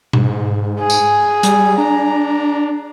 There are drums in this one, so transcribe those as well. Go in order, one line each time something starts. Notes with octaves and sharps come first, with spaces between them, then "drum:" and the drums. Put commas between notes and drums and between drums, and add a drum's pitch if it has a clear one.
G#2, drum: tom B2
G#4
drum: tambourine
G3, drum: hi-hat
D4 A#5